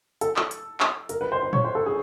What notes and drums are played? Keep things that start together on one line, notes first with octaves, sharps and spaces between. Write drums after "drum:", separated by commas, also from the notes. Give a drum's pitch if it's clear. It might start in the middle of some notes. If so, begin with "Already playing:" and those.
A4, drum: hi-hat
drum: clap
drum: hi-hat
drum: clap
A#4, drum: hi-hat
B4
C5
C5
C#5, drum: tom A2
C5
A4
G#4